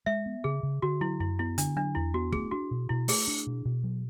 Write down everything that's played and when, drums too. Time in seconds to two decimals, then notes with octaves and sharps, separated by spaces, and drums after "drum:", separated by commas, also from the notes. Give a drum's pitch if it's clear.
0.06 G#3 E5
0.26 B3
0.44 C#3 G#4
0.63 C#3
0.82 D3 F#4
1.01 F#3 E4
1.20 F#2 E4
1.39 B3 E4
1.58 D3 D4, drum: hi-hat
1.76 F#3 D4
1.95 E2 E4
2.14 B3 F#4
2.32 A3 G#4, drum: kick
2.51 D4 F#4
2.71 B2
2.89 B2 E4
3.08 A3 G#4, drum: open hi-hat
3.27 D4
3.47 B2
3.65 B2
3.84 F#3